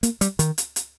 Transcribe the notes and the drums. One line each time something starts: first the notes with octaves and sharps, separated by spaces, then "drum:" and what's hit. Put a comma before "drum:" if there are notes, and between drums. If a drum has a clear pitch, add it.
A#3, drum: hi-hat
G3, drum: hi-hat
D#3, drum: hi-hat
drum: hi-hat
drum: hi-hat